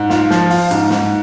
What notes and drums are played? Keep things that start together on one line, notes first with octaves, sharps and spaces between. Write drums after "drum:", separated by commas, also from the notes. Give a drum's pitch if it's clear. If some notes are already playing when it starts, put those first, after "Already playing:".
Already playing: G#2
F4, drum: snare
F3, drum: snare
F4, drum: open hi-hat
G#2, drum: hi-hat
G#2, drum: snare